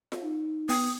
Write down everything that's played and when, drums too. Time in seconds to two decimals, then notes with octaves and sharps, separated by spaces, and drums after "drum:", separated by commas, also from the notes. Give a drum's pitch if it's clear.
0.12 drum: snare F4
0.22 D#4
0.69 B3 G5 D#6, drum: open hi-hat